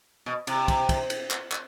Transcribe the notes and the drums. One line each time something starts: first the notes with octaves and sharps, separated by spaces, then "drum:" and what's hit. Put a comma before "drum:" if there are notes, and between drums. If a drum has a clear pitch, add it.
B2
C3, drum: cymbal
drum: kick, cymbal
drum: kick, cymbal
drum: cymbal
drum: clap
drum: clap